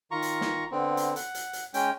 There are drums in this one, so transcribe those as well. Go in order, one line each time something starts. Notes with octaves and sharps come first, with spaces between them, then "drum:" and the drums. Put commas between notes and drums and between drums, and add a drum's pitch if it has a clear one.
D#3 F4 A#5 C#6
drum: hi-hat
drum: snare
D3 B3 C4
drum: hi-hat
F#5, drum: hi-hat
drum: hi-hat
drum: hi-hat
G#3 C#4 G5, drum: hi-hat